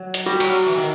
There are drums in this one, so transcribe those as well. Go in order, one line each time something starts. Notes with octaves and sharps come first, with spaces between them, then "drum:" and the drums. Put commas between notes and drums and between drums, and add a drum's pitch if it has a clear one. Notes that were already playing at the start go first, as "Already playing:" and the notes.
Already playing: F#3
drum: hi-hat
G3 F#4
F#3, drum: cymbal
E3
D#3